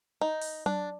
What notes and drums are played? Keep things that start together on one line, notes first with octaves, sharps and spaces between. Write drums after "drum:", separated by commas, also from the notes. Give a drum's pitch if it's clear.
D#4
drum: open hi-hat
D4, drum: tom F#3